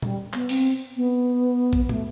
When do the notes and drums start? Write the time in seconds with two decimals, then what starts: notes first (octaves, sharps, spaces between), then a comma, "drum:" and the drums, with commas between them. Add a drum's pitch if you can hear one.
0.02 G3, drum: tom
0.33 B3, drum: clap
0.49 C4, drum: open hi-hat
0.96 B3
1.73 drum: kick A#1
1.89 A3, drum: tom